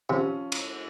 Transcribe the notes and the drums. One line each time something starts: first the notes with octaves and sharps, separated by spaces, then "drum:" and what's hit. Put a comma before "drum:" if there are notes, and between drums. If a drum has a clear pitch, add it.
C3 F3 C#4
drum: cymbal